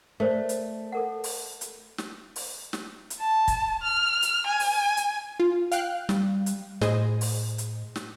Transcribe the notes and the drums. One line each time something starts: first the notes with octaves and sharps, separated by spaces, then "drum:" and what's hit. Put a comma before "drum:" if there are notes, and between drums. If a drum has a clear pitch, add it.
A3 A#4 C5 D5
drum: hi-hat
A4 A#4 F#5
drum: open hi-hat
drum: hi-hat
drum: snare
drum: open hi-hat
drum: snare
drum: hi-hat
A5
drum: kick, hi-hat
F6
drum: hi-hat
G#5
drum: open hi-hat
drum: hi-hat
F4
F5 G5 F#6, drum: hi-hat
G3, drum: snare
drum: hi-hat
A2 G#4 C5 D#5, drum: snare
drum: open hi-hat
drum: hi-hat
drum: snare